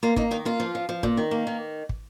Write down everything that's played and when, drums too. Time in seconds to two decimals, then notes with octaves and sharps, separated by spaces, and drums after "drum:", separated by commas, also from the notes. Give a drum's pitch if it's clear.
0.03 A#3 F4
0.16 A#3 D#4, drum: kick
0.31 D#3 D#4
0.45 A#3 F4
0.60 F3
0.75 F3
0.89 F3
1.03 A#2, drum: kick
1.17 D#3
1.31 A#3
1.47 D#3
1.89 drum: kick